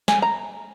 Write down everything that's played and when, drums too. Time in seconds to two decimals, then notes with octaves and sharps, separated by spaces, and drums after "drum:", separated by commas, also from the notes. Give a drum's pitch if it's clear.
0.08 G#5, drum: snare
0.22 A#5